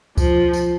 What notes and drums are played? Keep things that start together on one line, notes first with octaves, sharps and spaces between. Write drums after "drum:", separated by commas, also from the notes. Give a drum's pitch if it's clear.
F3, drum: kick, tambourine
drum: tambourine